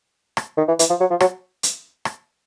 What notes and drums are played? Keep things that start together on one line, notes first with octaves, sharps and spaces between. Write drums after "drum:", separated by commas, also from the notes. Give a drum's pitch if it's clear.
drum: rim click
D#3
E3
E3, drum: hi-hat
F3
F#3
F3
F#3, drum: rim click
drum: hi-hat
drum: rim click